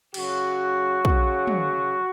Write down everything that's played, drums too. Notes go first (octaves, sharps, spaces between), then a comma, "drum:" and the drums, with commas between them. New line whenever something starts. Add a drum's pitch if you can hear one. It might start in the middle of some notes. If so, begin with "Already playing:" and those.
C#3 F#3 F#4, drum: cymbal
C#3 F#3, drum: kick
drum: tom